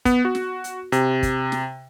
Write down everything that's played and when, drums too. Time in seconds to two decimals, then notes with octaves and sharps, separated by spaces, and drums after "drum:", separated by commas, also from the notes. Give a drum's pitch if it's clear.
0.05 B3, drum: kick, hi-hat
0.25 F#4
0.35 drum: snare
0.64 drum: hi-hat
0.92 C3, drum: hi-hat
1.23 drum: kick, hi-hat
1.52 drum: snare